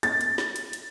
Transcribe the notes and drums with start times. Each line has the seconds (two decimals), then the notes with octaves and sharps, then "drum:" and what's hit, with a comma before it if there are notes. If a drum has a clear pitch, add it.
0.03 A6, drum: hi-hat
0.21 drum: hi-hat
0.38 drum: snare
0.56 drum: hi-hat
0.73 drum: hi-hat